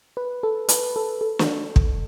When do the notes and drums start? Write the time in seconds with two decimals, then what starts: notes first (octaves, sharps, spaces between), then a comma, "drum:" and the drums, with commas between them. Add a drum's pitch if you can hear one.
0.17 B4
0.43 A4
0.69 B4, drum: hi-hat
0.96 A4
1.21 A4
1.39 drum: snare
1.76 drum: kick